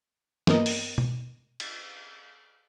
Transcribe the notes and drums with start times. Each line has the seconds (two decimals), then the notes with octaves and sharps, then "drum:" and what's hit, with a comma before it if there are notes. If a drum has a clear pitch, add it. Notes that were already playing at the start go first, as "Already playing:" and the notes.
0.47 G2 A#3 B3 A#4 D#5, drum: snare
0.66 drum: open hi-hat
0.98 drum: tom B2
1.60 drum: cymbal